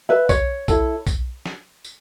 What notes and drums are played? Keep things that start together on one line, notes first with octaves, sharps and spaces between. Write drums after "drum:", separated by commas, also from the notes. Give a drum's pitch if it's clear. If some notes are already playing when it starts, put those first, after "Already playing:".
B4 E5
C#5, drum: kick B1, tambourine
E4 A4, drum: kick B1, tambourine
drum: kick B1, tambourine
drum: snare
drum: tambourine